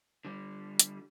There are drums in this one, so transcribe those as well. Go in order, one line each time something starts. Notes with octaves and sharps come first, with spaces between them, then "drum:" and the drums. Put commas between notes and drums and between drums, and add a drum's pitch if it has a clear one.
D3 G3
drum: hi-hat